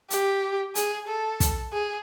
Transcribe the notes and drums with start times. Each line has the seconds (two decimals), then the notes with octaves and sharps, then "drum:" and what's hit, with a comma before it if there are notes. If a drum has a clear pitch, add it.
0.10 G4, drum: hi-hat
0.75 G#4, drum: hi-hat
1.08 A4
1.40 drum: kick, hi-hat
1.73 G#4